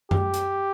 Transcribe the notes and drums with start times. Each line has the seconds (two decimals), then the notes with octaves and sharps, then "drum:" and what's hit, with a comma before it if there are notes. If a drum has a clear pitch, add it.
0.11 G4, drum: tom F#2
0.34 drum: hi-hat